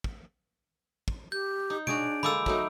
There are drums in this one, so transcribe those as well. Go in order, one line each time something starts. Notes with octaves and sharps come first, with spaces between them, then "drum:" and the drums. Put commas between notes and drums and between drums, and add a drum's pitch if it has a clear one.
drum: kick
drum: kick
G4 G6
D#4
D4 F#4 G#4 C#5 D7, drum: tom
G#3 A#3 A4 B5 D6 E6, drum: tom D3
F#3 A3 D#4 F#4, drum: kick